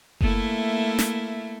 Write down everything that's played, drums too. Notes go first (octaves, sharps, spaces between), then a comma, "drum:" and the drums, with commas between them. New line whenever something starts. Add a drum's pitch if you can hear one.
A3 A#3 E4, drum: kick F#1
drum: snare